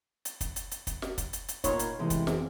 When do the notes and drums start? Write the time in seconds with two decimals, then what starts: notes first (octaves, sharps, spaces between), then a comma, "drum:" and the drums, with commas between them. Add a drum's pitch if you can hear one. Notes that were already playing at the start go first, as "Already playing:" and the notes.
0.25 drum: hi-hat
0.41 drum: kick, hi-hat
0.56 drum: hi-hat
0.71 drum: hi-hat
0.87 drum: kick, hi-hat
1.02 drum: snare
1.18 drum: kick, hi-hat
1.33 drum: hi-hat
1.48 drum: hi-hat
1.64 A#2 A#3 D#4 C#5 B5 C6, drum: kick, hi-hat
1.79 drum: hi-hat
1.99 C3 E3 G#3 A3
2.10 drum: kick, hi-hat
2.27 F2 C4 G#4, drum: snare